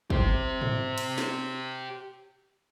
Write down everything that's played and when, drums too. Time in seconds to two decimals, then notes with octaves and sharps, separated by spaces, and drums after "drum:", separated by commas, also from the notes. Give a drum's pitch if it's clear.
0.10 G4 C5, drum: kick
0.61 drum: tom G#2
0.98 drum: cymbal
1.18 drum: snare